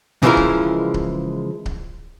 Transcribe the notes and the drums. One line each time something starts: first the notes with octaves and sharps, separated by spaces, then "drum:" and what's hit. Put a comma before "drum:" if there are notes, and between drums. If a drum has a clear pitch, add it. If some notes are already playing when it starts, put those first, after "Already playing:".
C#3 E3 F3 G#3 E4 A#4
drum: kick C#1
drum: kick C#1
drum: kick C#1